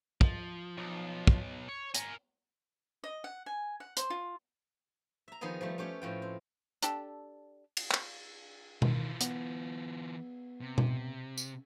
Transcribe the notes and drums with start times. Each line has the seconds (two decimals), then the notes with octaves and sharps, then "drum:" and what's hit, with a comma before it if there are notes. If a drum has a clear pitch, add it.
0.21 F3, drum: kick
0.78 B1
1.27 drum: kick
1.69 C#5
1.95 A#4 G#5, drum: hi-hat
3.04 D#5
3.24 F#5
3.46 G#5
3.80 F#5
3.97 C5, drum: hi-hat
4.10 F4
5.28 E5 A#5
5.41 D#3 F3 B3 G#4 D#5
5.61 F3 G3 A3
5.78 A3 C#4 G4 C#5
6.02 A2 F3 G5
6.22 C4
6.83 D4 G4 A4, drum: hi-hat
7.77 drum: cymbal
7.91 drum: clap
8.82 D#3 E3 F4, drum: tom B2
9.21 B3, drum: hi-hat
10.61 C3
10.78 drum: tom B2
11.38 drum: tambourine